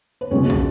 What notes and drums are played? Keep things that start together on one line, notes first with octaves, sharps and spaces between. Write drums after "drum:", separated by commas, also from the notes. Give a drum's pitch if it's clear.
B4
C#2 B2 G#3 C#5
drum: kick